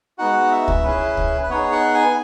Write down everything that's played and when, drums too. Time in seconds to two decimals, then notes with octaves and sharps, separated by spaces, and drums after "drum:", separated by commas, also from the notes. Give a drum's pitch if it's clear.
0.18 G#3 B3 D#4 F#4 F#5
0.51 E5
0.68 drum: kick
0.84 C#4 E4 G#4 B4
1.17 drum: kick
1.43 B4
1.50 B3 D#4 G#4 C#5
1.72 F#5
1.94 G#5